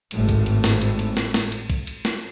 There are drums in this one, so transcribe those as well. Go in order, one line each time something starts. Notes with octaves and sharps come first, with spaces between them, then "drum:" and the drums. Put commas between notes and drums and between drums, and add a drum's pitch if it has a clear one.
G#1 A2, drum: cymbal
drum: kick B1, cymbal
drum: cymbal
drum: snare
drum: cymbal
drum: cymbal
drum: snare
drum: snare
drum: cymbal
drum: kick B1, cymbal
drum: cymbal
drum: snare